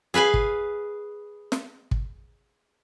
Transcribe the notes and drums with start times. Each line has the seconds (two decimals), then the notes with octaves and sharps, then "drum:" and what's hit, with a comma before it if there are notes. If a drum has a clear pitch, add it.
0.14 G#4 B4 F5 G#5
0.34 drum: kick
1.52 drum: snare
1.91 drum: kick